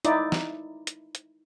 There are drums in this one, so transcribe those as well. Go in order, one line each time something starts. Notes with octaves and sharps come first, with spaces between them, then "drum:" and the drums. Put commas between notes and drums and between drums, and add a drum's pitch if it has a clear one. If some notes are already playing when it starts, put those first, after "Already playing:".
D#4 E4 D5, drum: hi-hat
drum: snare
drum: hi-hat
drum: hi-hat